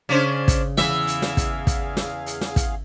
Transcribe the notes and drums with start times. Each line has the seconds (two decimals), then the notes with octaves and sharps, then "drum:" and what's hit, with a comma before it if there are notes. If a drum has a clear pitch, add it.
0.09 C#3 C#4 D4 C5
0.48 drum: kick, hi-hat
0.78 E2 E3 G#4 E5 F5, drum: snare
1.07 drum: hi-hat
1.22 drum: snare
1.37 drum: kick, hi-hat
1.67 drum: kick, hi-hat
1.97 drum: snare
2.26 drum: hi-hat
2.41 drum: snare
2.56 drum: kick, hi-hat